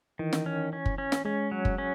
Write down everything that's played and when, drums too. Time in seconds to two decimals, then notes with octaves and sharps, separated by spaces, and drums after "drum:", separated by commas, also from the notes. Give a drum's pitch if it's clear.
0.19 D#3 E3
0.33 drum: snare
0.46 C#4
0.73 C#4
0.86 drum: kick
0.98 C#4
1.12 drum: snare
1.25 G#3 C#4
1.51 F#3
1.65 drum: kick
1.78 C#4